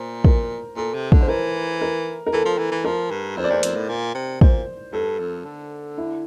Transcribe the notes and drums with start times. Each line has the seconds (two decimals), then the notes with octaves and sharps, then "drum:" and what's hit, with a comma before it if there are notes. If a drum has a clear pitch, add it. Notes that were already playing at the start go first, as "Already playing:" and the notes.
Already playing: A#2 C5
0.24 A#4, drum: kick
0.76 A#2 A4
0.94 C3
1.12 D3, drum: kick
1.21 C5
1.28 E3 A#4
1.81 A#4
2.27 A#4
2.33 E3 A4
2.45 F3
2.58 E3
2.72 E3
2.84 F3 A#4
3.11 G2
3.37 F2 C5
3.44 D5
3.50 E2 C5
3.63 F2, drum: hi-hat
3.76 A2
3.89 A#2
4.15 C3
4.41 A#2 C5, drum: kick
4.93 G2 A4
5.19 F2
5.45 D3
5.98 E4